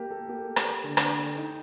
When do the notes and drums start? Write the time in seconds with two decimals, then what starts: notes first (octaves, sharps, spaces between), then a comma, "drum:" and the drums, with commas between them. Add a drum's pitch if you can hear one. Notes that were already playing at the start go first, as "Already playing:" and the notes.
Already playing: A#3 G4
0.11 A4
0.29 A#3 G4
0.56 drum: rim click
0.84 D3
0.97 drum: rim click
1.37 D#4